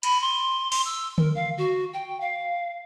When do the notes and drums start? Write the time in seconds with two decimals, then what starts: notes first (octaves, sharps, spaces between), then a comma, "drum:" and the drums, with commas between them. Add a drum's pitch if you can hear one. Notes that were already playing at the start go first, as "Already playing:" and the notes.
0.03 B5, drum: cymbal
0.21 C6
0.72 drum: open hi-hat
0.85 E6
1.18 A#4, drum: tom D3
1.35 F5
1.58 F#4
1.93 G5
2.21 F5